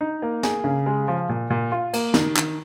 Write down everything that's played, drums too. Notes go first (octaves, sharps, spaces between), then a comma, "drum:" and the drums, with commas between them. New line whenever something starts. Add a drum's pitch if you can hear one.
D#4
A#3
G#4, drum: snare
C#3
G#3
F3
A#2
A#2
F4
A#3, drum: cymbal
D#3, drum: snare
D#3, drum: clap